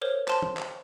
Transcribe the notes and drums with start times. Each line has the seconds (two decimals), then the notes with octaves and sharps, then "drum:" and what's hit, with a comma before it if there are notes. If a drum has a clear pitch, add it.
0.01 A#4 C5 C#5
0.28 C5 A5 C6, drum: clap
0.42 drum: tom
0.57 drum: clap